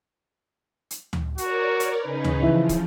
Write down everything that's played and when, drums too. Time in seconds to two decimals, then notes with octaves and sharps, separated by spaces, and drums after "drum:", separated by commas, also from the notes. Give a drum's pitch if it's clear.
0.91 drum: hi-hat
1.13 drum: tom D2
1.38 F#4 A#4 C#5 D5, drum: hi-hat
1.80 drum: hi-hat
2.02 C#3 C#4 D#4 B4
2.24 drum: tom D2
2.42 C#3 E3 F3 D#4 E4
2.69 drum: kick, hi-hat